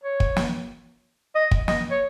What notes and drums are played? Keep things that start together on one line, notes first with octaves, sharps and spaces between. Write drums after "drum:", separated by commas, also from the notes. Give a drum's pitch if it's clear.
C#5
drum: kick
drum: snare
D#5
drum: kick
D#5, drum: snare
C#5